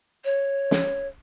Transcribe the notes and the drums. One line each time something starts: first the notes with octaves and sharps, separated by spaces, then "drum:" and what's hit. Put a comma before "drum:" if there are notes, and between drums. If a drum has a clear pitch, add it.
C#5
drum: snare